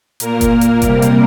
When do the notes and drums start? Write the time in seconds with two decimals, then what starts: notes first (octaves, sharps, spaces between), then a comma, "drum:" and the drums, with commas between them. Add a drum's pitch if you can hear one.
0.20 A#2 A#3 A#4, drum: hi-hat
0.41 drum: kick F#1, hi-hat
0.61 drum: hi-hat
0.82 C3 G3 A#3, drum: kick F#1, hi-hat
1.02 drum: hi-hat